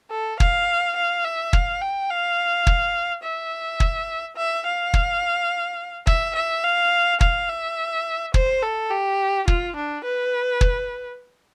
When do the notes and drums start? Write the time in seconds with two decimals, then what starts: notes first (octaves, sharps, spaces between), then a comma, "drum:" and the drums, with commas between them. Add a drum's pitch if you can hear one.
0.11 A4
0.40 F5, drum: kick
0.96 F5
1.24 E5
1.53 F5, drum: kick
1.82 G5
2.10 F5
2.67 drum: kick
3.23 E5
3.80 drum: kick
4.36 E5
4.65 F5
4.94 drum: kick
6.07 E5, drum: kick
6.35 E5
6.64 F5
7.21 F5, drum: kick
7.49 E5
8.34 C5, drum: kick
8.62 A4
8.91 G4
9.48 F4, drum: kick
9.76 D4
10.04 B4
10.61 drum: kick